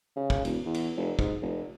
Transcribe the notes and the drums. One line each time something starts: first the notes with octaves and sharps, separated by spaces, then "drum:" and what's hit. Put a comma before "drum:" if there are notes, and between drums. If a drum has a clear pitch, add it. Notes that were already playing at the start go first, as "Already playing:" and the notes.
C#3
drum: kick
E1, drum: cymbal
E2
drum: cymbal
F1
G#2, drum: kick
F1